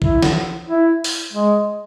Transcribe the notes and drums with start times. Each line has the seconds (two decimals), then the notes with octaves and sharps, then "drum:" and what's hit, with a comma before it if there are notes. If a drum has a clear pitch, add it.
0.02 E4, drum: kick
0.22 drum: snare
0.68 E4
1.04 drum: open hi-hat
1.33 G#3